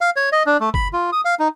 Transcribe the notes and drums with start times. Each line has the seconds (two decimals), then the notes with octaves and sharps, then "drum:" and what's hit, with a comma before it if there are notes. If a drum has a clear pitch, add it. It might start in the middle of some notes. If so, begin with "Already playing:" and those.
0.01 F5
0.16 C#5
0.32 D#5
0.46 D4
0.60 A3
0.74 B5, drum: kick
0.93 F4
1.13 D#6
1.25 F5
1.39 D#4